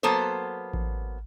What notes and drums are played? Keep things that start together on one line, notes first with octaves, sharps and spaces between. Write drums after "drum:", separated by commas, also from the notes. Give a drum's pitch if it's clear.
F#3 A#3 B3 A4 C5
drum: kick A1